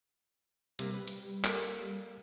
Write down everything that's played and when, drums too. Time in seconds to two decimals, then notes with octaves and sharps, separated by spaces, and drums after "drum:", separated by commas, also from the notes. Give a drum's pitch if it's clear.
0.79 C3 G3 A#3, drum: hi-hat
0.94 B4
1.08 drum: hi-hat
1.44 A#3 A4 A#4, drum: clap